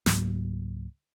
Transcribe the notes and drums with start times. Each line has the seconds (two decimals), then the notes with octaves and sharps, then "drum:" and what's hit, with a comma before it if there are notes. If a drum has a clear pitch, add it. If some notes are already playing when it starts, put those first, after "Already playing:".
0.06 C#2 G#2 F#3 A#3, drum: snare